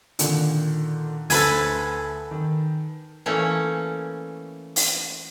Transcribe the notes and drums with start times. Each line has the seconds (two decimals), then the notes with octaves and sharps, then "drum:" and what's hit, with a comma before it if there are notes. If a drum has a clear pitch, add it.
0.19 A#2 D3 D#3, drum: hi-hat
1.30 D2 A4 B4 C5 G#5, drum: open hi-hat
2.31 D#3
3.26 E3 A3 A#3 C#4
4.76 drum: open hi-hat